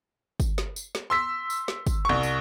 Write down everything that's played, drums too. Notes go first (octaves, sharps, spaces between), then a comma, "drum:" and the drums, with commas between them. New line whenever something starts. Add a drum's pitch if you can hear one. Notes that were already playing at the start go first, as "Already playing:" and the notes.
drum: kick, tambourine
drum: snare
drum: tambourine
drum: snare
C6 E6 B6
drum: tambourine
drum: snare
drum: kick, tambourine
C2 C#6
drum: tambourine